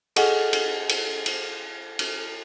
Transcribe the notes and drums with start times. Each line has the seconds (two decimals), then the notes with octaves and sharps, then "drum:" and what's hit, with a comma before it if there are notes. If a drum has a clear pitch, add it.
0.16 G#4 A4 D#5 F#5 G#5 F6, drum: cymbal
0.53 drum: cymbal
0.89 drum: cymbal
1.26 drum: cymbal
1.99 drum: cymbal